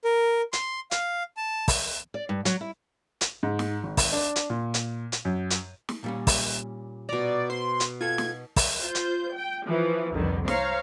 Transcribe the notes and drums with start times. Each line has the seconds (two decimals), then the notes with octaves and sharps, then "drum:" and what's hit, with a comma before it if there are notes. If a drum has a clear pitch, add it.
0.04 A#4
0.53 C6, drum: hi-hat
0.91 F5, drum: hi-hat
1.37 A5
1.68 drum: kick, open hi-hat
2.14 D5
2.29 G2
2.45 F#3, drum: hi-hat
2.61 E4
3.21 drum: hi-hat
3.43 G#2
3.59 drum: snare
3.84 G#1
3.97 drum: kick, open hi-hat
4.12 D4
4.36 drum: hi-hat
4.50 A#2
4.74 drum: hi-hat
5.12 drum: hi-hat
5.25 F#2
5.50 drum: hi-hat
5.89 drum: snare
6.04 A#2 G3 C#4
6.27 drum: kick, open hi-hat
7.09 B2 D5 A#5
7.50 C5 C6
7.80 drum: hi-hat
8.01 F4 A4 G#6
8.18 drum: snare
8.56 drum: kick, open hi-hat
8.80 F4 C5 G6
8.95 drum: hi-hat
9.35 G5
9.67 E3 F3
10.13 C2 F2 D3 D#3 B3
10.48 C5 C#5 F5 A#5, drum: snare